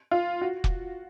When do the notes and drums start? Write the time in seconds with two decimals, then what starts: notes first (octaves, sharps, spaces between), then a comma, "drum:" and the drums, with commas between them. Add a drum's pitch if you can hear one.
0.11 F4
0.41 F#4
0.64 drum: kick